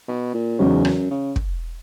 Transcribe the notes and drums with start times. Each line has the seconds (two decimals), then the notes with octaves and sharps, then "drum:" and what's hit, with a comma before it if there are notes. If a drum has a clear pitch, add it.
0.08 B2
0.34 A#2
0.59 E2 G#2 C#3 F#3 C#4
0.85 F#2, drum: rim click
1.11 C#3
1.36 drum: kick